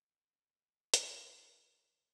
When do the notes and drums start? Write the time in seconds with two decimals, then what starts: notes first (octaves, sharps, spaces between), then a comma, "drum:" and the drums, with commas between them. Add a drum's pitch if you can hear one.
0.06 D1 B1 F2 D4
0.46 B1 G2 A3
0.94 A#3, drum: hi-hat
1.35 D#2 B2 F3